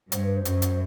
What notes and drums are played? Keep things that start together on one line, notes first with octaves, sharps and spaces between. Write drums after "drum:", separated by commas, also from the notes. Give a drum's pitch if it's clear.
G2 C5, drum: hi-hat
B4
C5
F#2, drum: hi-hat
drum: hi-hat